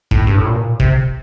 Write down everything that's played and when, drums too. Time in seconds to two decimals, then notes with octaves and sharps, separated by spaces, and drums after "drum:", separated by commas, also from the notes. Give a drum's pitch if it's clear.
0.11 A2, drum: kick
0.27 G2
0.37 A2
0.46 A#2
0.80 C3, drum: kick